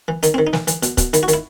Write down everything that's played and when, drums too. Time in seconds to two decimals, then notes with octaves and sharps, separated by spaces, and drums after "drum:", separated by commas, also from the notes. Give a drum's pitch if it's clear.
0.08 E3
0.23 D#3 D#4, drum: hi-hat
0.34 D#3 C4
0.47 D#4
0.53 E3, drum: snare
0.67 E3, drum: hi-hat
0.83 B2, drum: hi-hat
0.98 B2, drum: kick, hi-hat
1.13 D#3 E4, drum: hi-hat
1.23 F#4
1.28 D#3, drum: hi-hat
1.34 E4